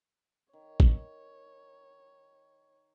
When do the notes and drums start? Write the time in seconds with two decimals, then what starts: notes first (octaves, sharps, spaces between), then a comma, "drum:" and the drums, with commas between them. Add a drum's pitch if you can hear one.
0.53 D#3 C#5
0.80 drum: kick